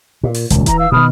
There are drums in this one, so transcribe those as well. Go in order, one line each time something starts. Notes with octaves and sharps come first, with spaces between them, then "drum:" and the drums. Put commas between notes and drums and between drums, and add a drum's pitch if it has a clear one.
A#2
drum: open hi-hat
D#1 C#2, drum: hi-hat
E3 A#5, drum: kick D#1, hi-hat
F5 E6
B2 D#3 B5 D#6 F6